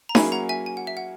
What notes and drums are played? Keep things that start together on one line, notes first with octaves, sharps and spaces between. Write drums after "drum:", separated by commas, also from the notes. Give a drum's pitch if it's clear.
A#5
F#3 A#3 C#4 E4 G#4 G#5 B5, drum: snare D#4
F#5 A#5
E5 G#5
G#5
F#5
E5
F#5